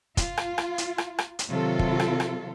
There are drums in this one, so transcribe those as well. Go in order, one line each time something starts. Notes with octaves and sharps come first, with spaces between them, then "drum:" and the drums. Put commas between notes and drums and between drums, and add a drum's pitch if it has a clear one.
F4, drum: kick, hi-hat
drum: rim click
drum: rim click
drum: hi-hat
drum: rim click
drum: rim click
drum: hi-hat
C3 D#3 F#3 F4 A4
drum: kick
drum: rim click
drum: rim click